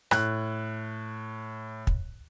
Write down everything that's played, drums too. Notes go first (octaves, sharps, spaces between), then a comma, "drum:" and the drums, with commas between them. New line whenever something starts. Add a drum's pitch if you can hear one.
A2 F#6, drum: rim click
drum: kick